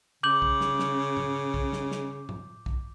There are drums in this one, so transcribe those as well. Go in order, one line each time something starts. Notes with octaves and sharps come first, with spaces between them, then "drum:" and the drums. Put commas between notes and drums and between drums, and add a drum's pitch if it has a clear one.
C#3 D6 G6 F#7
drum: kick
drum: snare
drum: snare
drum: tom A2
drum: kick
drum: snare
drum: snare
drum: tom A2
drum: kick